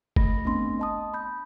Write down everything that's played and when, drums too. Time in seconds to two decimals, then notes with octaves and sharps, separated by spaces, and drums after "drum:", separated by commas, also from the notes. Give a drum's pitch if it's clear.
0.16 A3 B5 A#6, drum: kick F#1
0.45 A3 B3 C4 D4 C6
0.79 D#5 A5 D#6
1.14 B5 G6